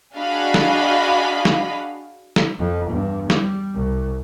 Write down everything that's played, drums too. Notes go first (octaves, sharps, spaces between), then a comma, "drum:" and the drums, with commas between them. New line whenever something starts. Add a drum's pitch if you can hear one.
D4 F#4 G#4 D#5 F5 B5
drum: snare
drum: snare
drum: snare
F2
E2 G2
G3, drum: snare
C2